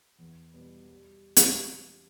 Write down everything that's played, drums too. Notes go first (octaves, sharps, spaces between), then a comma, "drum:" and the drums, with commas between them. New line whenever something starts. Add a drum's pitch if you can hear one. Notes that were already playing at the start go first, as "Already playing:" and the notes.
E2
B2 G3 B3
G3
drum: hi-hat